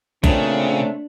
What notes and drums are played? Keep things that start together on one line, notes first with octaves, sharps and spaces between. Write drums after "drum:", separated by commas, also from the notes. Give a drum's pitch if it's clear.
A#2 C#3 A3 C4 D4, drum: kick